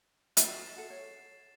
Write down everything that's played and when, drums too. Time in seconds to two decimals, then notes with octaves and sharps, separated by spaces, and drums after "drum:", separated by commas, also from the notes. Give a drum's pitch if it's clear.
0.37 F#4 E5 A6 C7 E7, drum: hi-hat
0.76 F#4 A4
0.90 C#5